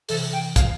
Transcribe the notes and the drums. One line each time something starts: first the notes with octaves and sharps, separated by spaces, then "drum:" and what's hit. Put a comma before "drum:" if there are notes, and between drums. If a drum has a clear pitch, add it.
C3 E3 A4, drum: open hi-hat
G5
F5, drum: kick, hi-hat